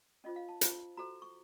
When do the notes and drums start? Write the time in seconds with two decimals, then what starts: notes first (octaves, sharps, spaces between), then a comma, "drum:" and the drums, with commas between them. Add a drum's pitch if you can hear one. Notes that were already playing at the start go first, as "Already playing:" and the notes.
0.24 C#4 F4 C5 D#5
0.36 F5
0.49 A5
0.61 F4 C5, drum: hi-hat
0.97 F#4 A4 C5 A#5
1.22 C#6